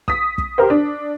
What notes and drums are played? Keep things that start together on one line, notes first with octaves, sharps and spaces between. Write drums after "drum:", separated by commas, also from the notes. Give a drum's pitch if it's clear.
D#6 B6, drum: kick
drum: kick
G4 A#4 C5
D4